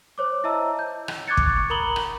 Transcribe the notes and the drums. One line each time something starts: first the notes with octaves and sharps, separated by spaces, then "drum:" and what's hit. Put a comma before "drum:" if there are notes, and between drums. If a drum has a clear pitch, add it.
C5 C#5 D6
E4 D#5 E5 A5 A#5 E6
G6
drum: rim click
C#6 D6 F#6 G#6 A6 C#7
drum: kick
A#4 A#5 B5 D#6 F#7 G7
drum: rim click